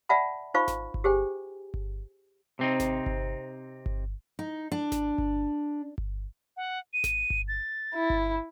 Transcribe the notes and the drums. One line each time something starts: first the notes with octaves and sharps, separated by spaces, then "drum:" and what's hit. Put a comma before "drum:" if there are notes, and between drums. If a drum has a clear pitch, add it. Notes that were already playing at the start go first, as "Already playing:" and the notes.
D5 E5 F#5 A5 B5
D#4 F4 C5 F5 B5 C#6
drum: snare G#1
drum: kick G1
G4 G#4 C5 G5 G#5
drum: kick G1
C3 C4 D#4
drum: snare G#1
drum: kick G1
drum: kick G1
D#4
D4
drum: snare G#1
drum: kick G1
drum: kick G1
F#5
D#7
drum: snare G#1
drum: kick G1
A6
E4
drum: kick G1